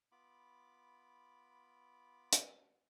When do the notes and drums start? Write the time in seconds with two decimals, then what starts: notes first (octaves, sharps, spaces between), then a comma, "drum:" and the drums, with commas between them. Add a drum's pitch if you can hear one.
0.12 B3 F4 B5 D6
2.33 drum: hi-hat